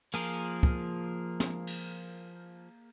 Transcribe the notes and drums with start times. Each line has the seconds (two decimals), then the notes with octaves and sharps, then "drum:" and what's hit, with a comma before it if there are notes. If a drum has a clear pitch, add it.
0.14 F3 A#3 G#4 A#4, drum: hi-hat
0.63 drum: kick
1.40 drum: snare
1.67 drum: cymbal